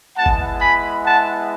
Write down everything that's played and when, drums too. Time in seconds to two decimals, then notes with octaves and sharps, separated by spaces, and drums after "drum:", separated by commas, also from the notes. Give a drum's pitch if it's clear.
0.16 G#3 B3 E4 F#5 A5
0.26 drum: kick G1
0.60 G#5 B5
1.03 F#5 A5